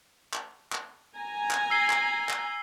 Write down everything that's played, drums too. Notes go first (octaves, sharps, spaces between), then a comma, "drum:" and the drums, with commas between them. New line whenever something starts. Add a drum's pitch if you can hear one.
drum: clap
drum: clap
G#5 A#5
drum: clap
E6 C7 G7
drum: clap
drum: clap